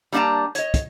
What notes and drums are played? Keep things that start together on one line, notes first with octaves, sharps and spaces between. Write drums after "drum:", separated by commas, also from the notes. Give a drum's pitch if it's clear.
G3 A#3 D4 F5 A5 A#5
C#5 D#5, drum: hi-hat
drum: kick, hi-hat